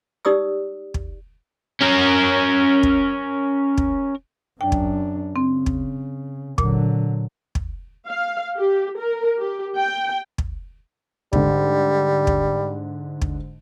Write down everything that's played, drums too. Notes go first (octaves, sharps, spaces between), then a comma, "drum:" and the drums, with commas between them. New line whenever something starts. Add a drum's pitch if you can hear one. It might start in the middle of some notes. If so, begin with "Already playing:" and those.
D#4 G4 D5 D#6 E6
drum: kick
C#4 A#4
drum: kick
drum: kick
F#2 D4 G5
drum: kick
C#3 C4
drum: kick
A#2 D3 F#3, drum: kick
drum: kick
F5
G4
A#4
G4
G5
drum: kick
G#2 D3 G3, drum: kick
drum: kick
drum: kick